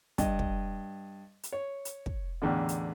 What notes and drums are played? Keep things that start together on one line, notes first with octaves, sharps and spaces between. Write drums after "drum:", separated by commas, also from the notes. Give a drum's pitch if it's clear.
G2 D#5, drum: kick, hi-hat
drum: kick
drum: hi-hat
C#5
drum: hi-hat
drum: kick
A1 E2 D3
drum: hi-hat